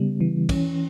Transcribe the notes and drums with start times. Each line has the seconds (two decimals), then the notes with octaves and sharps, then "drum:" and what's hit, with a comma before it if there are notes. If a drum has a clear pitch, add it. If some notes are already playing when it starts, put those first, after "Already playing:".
Already playing: C#3 G3 B3
0.20 E3
0.49 C#4, drum: kick, cymbal